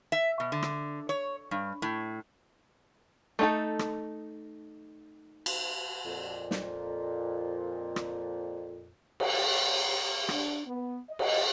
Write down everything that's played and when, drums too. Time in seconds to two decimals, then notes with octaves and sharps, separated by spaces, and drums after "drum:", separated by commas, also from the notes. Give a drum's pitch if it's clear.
0.12 E5
0.40 B2
0.52 D3
0.62 drum: rim click
1.09 C#5
1.51 G2
1.82 A2
3.39 A3 D#4 A4
3.79 drum: rim click
5.46 drum: cymbal
6.06 F2 A#2
6.51 drum: snare
7.96 drum: rim click
9.20 drum: cymbal
10.29 D4, drum: rim click
10.65 B3
11.09 D#5
11.19 drum: cymbal